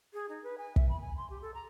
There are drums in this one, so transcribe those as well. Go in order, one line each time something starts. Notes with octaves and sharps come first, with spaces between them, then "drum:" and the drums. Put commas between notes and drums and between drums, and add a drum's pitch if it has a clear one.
G#4
D#4
B4
G#5
E5, drum: kick
B5
G#5
C6
G4
A4
A#5